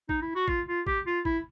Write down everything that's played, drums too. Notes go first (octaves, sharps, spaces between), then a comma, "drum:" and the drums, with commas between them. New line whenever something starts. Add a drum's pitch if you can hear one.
D#4, drum: kick
E4
F#4
F4, drum: kick
F4
G4, drum: kick
F4
E4, drum: kick